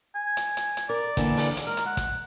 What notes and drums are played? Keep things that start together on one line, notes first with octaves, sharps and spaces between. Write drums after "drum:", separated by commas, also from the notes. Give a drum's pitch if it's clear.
G#5
drum: hi-hat
drum: hi-hat
drum: hi-hat
A#4 D5
D3 E3 A#3, drum: kick, hi-hat
drum: open hi-hat
drum: hi-hat
G#3 A#4
drum: hi-hat
F#5
drum: kick, hi-hat